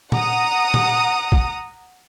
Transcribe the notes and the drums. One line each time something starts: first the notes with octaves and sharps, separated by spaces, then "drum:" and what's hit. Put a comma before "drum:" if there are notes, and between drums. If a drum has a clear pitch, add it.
F#5 A#5 D#6, drum: tom
drum: tom
drum: kick